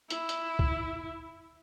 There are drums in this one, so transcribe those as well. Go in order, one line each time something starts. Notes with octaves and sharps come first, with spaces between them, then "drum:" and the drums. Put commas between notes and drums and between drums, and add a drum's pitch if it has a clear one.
E4, drum: hi-hat
drum: hi-hat
drum: kick C2